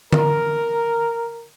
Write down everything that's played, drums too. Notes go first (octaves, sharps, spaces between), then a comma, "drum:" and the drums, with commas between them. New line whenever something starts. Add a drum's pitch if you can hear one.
A#4, drum: tom D3